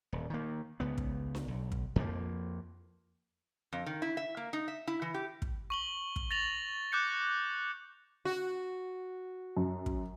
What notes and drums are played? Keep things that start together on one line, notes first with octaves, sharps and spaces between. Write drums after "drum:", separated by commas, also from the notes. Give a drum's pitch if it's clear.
D#1
D#3 A#3
C#2 B3
drum: kick
drum: snare D4
B1
drum: kick
F2 F3 A#3
F2
D#3
E4
E5
A#3
D#4
E5
E4
E3
G4
drum: kick
C#6 F#7 G7
drum: kick
A6 A#6 F7 F#7
D6 F#6 G6 C#7
F#4
F#2
drum: kick